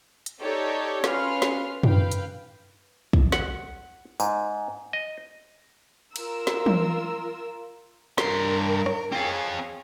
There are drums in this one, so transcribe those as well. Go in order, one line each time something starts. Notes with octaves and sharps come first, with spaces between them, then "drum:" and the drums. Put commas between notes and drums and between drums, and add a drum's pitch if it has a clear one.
drum: hi-hat
D#4 G4 A4 C#5 D5
C#4 F4 B4 C6 F6, drum: snare
drum: snare
B4 F5 G5, drum: tom F#2
drum: hi-hat
drum: kick
F#5, drum: snare
G#2, drum: tambourine
D#5
F4 A#4 E6, drum: cymbal
drum: snare
drum: tom E3
G2 A#4 C6, drum: snare
drum: rim click
C4 G#4 C#5 F5